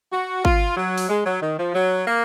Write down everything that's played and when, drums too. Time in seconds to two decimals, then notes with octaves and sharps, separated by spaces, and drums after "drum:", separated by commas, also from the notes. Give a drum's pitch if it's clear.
0.13 F#4
0.45 F4, drum: kick
0.77 F#3
0.98 drum: open hi-hat
1.09 G#3
1.26 F#3
1.42 D#3
1.58 F3
1.75 F#3
2.07 A#3